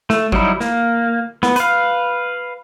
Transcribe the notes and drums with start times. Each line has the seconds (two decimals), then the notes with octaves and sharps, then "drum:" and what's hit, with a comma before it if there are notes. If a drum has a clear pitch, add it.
0.10 A3, drum: snare
0.32 F#3 G3 D#4 E4, drum: kick
0.60 A#3, drum: snare
1.43 B3, drum: snare
1.56 B4 F5, drum: hi-hat